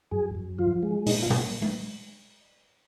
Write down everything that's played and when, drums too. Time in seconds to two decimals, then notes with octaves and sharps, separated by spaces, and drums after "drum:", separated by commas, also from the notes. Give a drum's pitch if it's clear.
0.11 F#2 G#4
0.35 F#2
0.58 F3 F4
0.83 G#3
1.06 A#2 D#4, drum: open hi-hat
1.22 F4
1.30 A#2, drum: tom A#2
1.62 drum: tom G#3